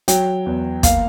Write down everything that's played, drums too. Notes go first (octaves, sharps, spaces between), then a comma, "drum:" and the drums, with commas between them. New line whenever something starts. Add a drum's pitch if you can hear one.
F#3 G5, drum: hi-hat
E2
A#3 F5, drum: kick, hi-hat